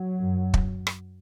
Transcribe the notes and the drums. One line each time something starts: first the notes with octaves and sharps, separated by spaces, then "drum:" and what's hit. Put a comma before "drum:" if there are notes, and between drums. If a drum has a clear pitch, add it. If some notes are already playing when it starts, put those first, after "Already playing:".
Already playing: F#3
F#2
drum: kick
drum: rim click